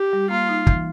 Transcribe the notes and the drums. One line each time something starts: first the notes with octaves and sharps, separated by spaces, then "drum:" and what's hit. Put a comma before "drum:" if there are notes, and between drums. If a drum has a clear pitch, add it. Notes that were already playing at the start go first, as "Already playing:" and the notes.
Already playing: G4
G3
A#3 F4
D#4
E3, drum: kick